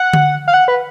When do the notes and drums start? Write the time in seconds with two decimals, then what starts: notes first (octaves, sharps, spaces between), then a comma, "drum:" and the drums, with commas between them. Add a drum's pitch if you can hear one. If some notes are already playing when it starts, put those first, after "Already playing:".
Already playing: F#5
0.13 drum: tom D3
0.48 F5
0.54 F#5
0.68 B4